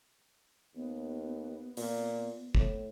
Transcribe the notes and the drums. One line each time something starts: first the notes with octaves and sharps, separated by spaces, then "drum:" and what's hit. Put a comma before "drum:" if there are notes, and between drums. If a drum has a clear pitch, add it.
D#2 B3
A#2, drum: open hi-hat
A2, drum: kick